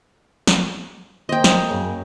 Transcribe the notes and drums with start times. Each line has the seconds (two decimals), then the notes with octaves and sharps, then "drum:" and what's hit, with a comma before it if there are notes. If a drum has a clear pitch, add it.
0.47 drum: snare
1.29 A#3 C5 D#5 G5
1.44 drum: snare
1.68 F#2 C#3